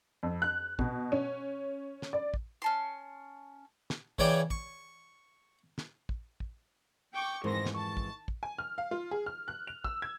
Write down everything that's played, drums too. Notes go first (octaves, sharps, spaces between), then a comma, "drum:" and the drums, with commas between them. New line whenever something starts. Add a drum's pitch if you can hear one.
F2
F#6
B2, drum: kick
C#4
drum: snare
D5
drum: kick
C#4 A5 C6
drum: snare
C#3 E3 C#5 D5 G5 G#5, drum: kick
C#6, drum: kick
drum: snare
drum: kick
drum: kick
G5 C#6 D6
F2 G#2 D#3 E3 G#3 C5 C6 A#6
drum: snare
A5 C#6
drum: kick
drum: kick
G#5
F6
F5
F4
G#4
F6
F#6
F7
E6, drum: kick
G#6